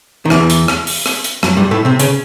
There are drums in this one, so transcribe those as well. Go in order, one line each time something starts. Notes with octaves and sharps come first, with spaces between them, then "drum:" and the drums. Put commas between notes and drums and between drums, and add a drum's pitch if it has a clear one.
D#3
E2 E3, drum: rim click
drum: hi-hat
drum: rim click
drum: open hi-hat
drum: rim click
drum: hi-hat
F#2 F#3, drum: rim click
G2 G3
A2 A3
C3 C4
C#3 C#4, drum: hi-hat